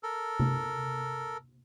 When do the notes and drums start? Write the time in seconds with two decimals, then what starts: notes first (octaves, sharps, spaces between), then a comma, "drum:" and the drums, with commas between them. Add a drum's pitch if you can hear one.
0.03 A4 A#4
0.40 drum: tom C3